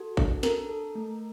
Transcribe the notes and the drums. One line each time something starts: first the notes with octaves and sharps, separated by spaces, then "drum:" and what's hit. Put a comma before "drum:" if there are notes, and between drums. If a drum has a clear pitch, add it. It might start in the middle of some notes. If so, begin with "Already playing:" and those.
Already playing: F#4 A4
D4, drum: kick A1
A4 A#4, drum: snare
A4
A3